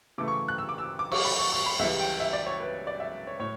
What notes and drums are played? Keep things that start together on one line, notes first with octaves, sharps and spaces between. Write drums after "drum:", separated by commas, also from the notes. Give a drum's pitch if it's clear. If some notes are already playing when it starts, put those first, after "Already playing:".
C#3 E3 A3 D6
C#6
F#6
E6
D6
E6
D6
C#6, drum: cymbal
B5
C#6
C#6
B5
C#2 C#3 E3 G3 E5
G5
E5
D5
C#5
B4
D5
E5
C#5
A2 C#5